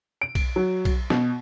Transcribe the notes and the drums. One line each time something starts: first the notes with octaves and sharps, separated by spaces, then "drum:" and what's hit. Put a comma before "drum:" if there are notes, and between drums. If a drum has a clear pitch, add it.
D7
drum: kick B1, cymbal
F#3
drum: kick B1, cymbal
B2, drum: snare